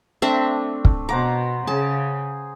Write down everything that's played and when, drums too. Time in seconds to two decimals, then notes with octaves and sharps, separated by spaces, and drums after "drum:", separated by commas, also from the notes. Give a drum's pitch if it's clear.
0.22 A3 C4 D4 E5
0.85 drum: kick
1.09 B2 C5 F#5 A#5 D6
1.67 C#3 G#4 A5